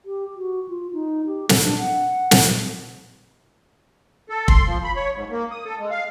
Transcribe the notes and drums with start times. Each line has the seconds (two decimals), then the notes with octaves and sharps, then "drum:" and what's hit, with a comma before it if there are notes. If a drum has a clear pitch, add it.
0.05 G4
0.36 F#4
0.69 F4
0.93 D#4
1.27 G4
1.49 A4, drum: snare
1.64 D4
1.78 F#5
2.31 drum: snare
4.29 A4
4.48 C6, drum: kick
4.66 F3
4.84 B5
4.96 C#5
5.14 G#2
5.31 A#3
5.51 D#6
5.65 A4
5.79 G#3
5.91 F5